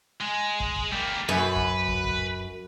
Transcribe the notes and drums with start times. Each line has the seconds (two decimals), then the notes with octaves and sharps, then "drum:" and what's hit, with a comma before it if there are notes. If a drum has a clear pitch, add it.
0.21 G#3
0.60 drum: kick
0.76 drum: kick
0.92 G3 A#3
1.29 F#2 B4
1.56 drum: kick
1.88 drum: kick
2.04 drum: kick